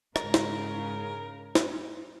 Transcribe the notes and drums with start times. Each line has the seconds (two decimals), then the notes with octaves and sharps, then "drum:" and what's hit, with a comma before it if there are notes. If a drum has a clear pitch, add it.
0.16 G#2 C#3 A#4, drum: rim click
0.34 drum: snare
1.55 drum: snare